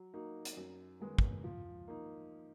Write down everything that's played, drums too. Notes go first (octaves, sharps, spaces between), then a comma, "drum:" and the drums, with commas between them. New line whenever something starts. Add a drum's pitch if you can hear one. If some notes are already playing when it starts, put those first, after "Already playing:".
Already playing: F#3
A#3 D#4 F#4
drum: hi-hat
F#2
D#3 G#3 B3
drum: kick
F3
A#3 D#4